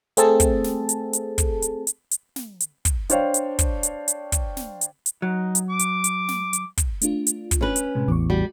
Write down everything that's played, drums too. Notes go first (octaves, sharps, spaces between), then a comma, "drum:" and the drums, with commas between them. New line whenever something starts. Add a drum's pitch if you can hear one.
A3 C4 G#4 A4 A5, drum: hi-hat
drum: kick, hi-hat
drum: snare
drum: hi-hat
drum: hi-hat
drum: kick, hi-hat
drum: hi-hat
drum: hi-hat
drum: hi-hat
drum: snare
drum: hi-hat
drum: kick, hi-hat
D4 C5 C#5 F5 G5, drum: hi-hat
drum: hi-hat
drum: kick, hi-hat
drum: hi-hat
drum: hi-hat
drum: kick, hi-hat
drum: snare
drum: hi-hat
drum: hi-hat
F#3 D#4
drum: hi-hat
D6
drum: hi-hat
drum: hi-hat
drum: snare
drum: hi-hat
drum: kick, hi-hat
A3 D4 F4, drum: hi-hat
drum: hi-hat
drum: kick, hi-hat
C#4 B4
drum: hi-hat
A2 C3 G#3
A1 E2 C#6 D6
G3 F#4